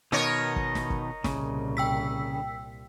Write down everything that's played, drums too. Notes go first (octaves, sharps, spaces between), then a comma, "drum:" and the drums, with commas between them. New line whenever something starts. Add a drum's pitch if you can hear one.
B2 D#3 B3 D#4 A#4 C#5
drum: kick
drum: snare
drum: kick
C2 A#2 C#3, drum: snare
G5 E6 B6